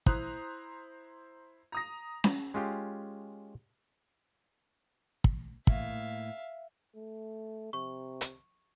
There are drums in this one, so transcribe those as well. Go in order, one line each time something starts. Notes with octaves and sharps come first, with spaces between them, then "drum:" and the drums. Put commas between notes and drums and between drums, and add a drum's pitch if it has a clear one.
E4 C5 A#5 D#6 F#6, drum: kick
A#5 D#6 A#6
drum: snare C#4
G#3 C#4 F4 G4
drum: kick
A2 A#3 E5 F5, drum: kick
A3
C3 C#6
drum: hi-hat